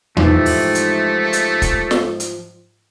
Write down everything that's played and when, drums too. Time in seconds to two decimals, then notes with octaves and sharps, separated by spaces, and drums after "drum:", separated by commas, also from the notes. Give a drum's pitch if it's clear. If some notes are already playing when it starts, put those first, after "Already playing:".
0.17 G#2 E3 F3 A3 D#4 G4 E5, drum: tom E2
0.46 drum: open hi-hat
0.75 drum: hi-hat
1.33 drum: hi-hat
1.62 drum: kick, hi-hat
1.91 drum: snare
2.20 drum: hi-hat